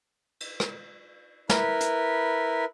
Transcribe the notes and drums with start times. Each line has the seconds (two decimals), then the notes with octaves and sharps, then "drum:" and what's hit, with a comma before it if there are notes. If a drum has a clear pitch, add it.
0.40 drum: cymbal
0.60 drum: rim click
1.49 E4 A#4 B4, drum: snare
1.81 drum: hi-hat